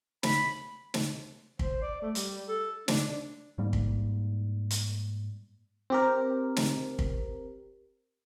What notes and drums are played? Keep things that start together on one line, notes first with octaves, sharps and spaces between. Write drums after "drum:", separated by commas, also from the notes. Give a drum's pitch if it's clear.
B5, drum: snare
drum: snare
C5, drum: kick
D5
A3
G3, drum: hi-hat
A4
D4, drum: snare
G#2 G3 A#3
drum: kick
drum: hi-hat
C4 G4 A#4
drum: snare
drum: kick